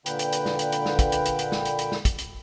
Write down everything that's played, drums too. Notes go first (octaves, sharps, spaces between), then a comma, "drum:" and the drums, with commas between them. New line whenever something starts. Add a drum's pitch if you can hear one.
A#2 D3 B4 G5, drum: hi-hat
drum: hi-hat
drum: hi-hat
drum: snare
drum: hi-hat
drum: hi-hat
drum: snare
drum: kick, hi-hat
drum: hi-hat
drum: hi-hat
drum: hi-hat
drum: snare
drum: hi-hat
drum: hi-hat
drum: snare
drum: kick, hi-hat
drum: hi-hat